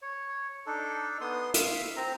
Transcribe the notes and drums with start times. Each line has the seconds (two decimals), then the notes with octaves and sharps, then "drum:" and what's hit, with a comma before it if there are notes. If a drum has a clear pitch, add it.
0.02 C#5
0.66 D4 D#4 A4
1.21 B3 C6 D#6
1.54 E5 F5, drum: hi-hat
1.96 C4 A#5